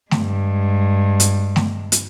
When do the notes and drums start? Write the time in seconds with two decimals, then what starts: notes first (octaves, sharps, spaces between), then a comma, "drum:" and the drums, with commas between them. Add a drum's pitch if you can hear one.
0.11 G2 G#3, drum: snare A3
1.20 drum: hi-hat
1.56 drum: snare A3
1.92 drum: hi-hat